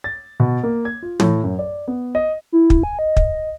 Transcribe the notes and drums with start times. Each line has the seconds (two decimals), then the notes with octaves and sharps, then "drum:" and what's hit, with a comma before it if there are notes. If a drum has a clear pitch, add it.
0.04 A6
0.40 B2
0.63 A#3
0.85 G#6
1.03 F4
1.20 A2, drum: tom
1.44 F#2
1.59 D5
1.88 B3
2.15 D#5
2.52 E4
2.70 drum: kick
2.83 G#5
2.99 D#5
3.17 drum: kick